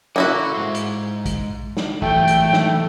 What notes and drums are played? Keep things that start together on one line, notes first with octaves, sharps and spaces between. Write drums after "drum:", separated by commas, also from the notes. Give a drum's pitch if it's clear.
A#3 E4 F#4 A4 F#5
G#3 C5
drum: hi-hat
drum: kick, hi-hat
drum: snare
A2 E3 F#3 A3 G5, drum: kick
drum: hi-hat
drum: snare